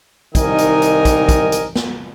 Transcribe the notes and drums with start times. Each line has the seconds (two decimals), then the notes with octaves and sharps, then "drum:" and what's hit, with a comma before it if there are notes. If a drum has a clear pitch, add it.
0.35 C2 D#3 D#4 A#4 D#5 G#5, drum: kick, hi-hat
0.58 drum: hi-hat
0.82 drum: hi-hat
1.05 drum: kick, hi-hat
1.29 drum: kick, hi-hat
1.52 drum: hi-hat
1.75 drum: snare